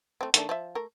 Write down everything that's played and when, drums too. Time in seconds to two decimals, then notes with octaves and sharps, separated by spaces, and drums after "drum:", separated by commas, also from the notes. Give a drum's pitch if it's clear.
0.21 A3 C4
0.34 D#3 A3 D4, drum: hi-hat
0.49 F3 E5
0.75 A3 A#4